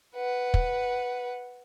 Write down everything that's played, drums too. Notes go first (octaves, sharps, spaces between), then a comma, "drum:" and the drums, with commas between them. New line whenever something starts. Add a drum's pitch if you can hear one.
B4 F#5
drum: kick